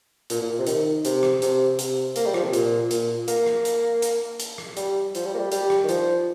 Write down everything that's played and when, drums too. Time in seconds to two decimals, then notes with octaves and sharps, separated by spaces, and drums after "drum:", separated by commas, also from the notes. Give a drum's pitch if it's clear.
0.30 A#2, drum: hi-hat
0.42 A#2
0.59 C3
0.67 D#3, drum: hi-hat
1.05 C3, drum: hi-hat
1.23 drum: rim click
1.42 C3, drum: hi-hat
1.79 C3, drum: hi-hat
2.16 A#3, drum: hi-hat
2.26 G3
2.34 F3, drum: rim click
2.44 C3
2.53 A#2, drum: hi-hat
2.91 A#2, drum: hi-hat
3.28 A#3, drum: hi-hat
3.46 drum: rim click
3.65 drum: hi-hat
4.02 drum: hi-hat
4.40 drum: hi-hat
4.58 drum: rim click
4.77 G3, drum: hi-hat
5.15 F3, drum: hi-hat
5.26 G3
5.34 A#3
5.39 G3
5.52 G3, drum: hi-hat
5.70 drum: rim click
5.84 D#3
5.89 F3, drum: hi-hat